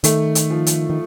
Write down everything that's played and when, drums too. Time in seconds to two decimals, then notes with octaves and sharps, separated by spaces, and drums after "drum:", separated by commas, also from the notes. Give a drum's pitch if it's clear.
0.04 D#3 A3, drum: hi-hat
0.35 drum: hi-hat
0.50 F3
0.67 drum: hi-hat
0.90 D#3